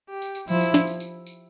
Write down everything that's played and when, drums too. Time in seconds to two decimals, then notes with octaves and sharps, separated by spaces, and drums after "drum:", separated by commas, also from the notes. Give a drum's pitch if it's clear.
0.09 G4
0.22 drum: tambourine
0.35 drum: tambourine
0.48 F3 E4, drum: tambourine
0.61 drum: tambourine
0.74 drum: snare
0.87 drum: tambourine
1.00 drum: tambourine
1.27 drum: tambourine